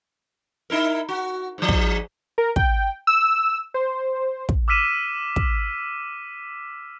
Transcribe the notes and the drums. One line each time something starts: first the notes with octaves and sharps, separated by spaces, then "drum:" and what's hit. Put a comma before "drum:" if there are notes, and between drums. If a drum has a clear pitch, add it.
D#4 E4 A#4
F#4
G#2 F3
drum: kick
A#4
G5, drum: kick
E6
C5
drum: kick
D6 E6 F6 B6 D#7 E7
drum: kick